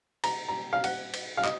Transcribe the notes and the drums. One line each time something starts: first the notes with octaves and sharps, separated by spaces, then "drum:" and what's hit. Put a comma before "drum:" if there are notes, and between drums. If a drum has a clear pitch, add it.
A#5, drum: cymbal
A#5
F5
F#5, drum: cymbal
drum: cymbal
F5
D#5, drum: clap